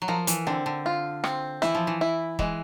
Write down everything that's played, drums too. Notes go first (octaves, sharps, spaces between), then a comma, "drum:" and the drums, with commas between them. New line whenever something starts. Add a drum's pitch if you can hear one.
F#3
F3 A#4
E3, drum: hi-hat
D3 C4
D3
F4
C4, drum: rim click
E3 E4, drum: snare
F3
E3
E4
E3 G#3, drum: kick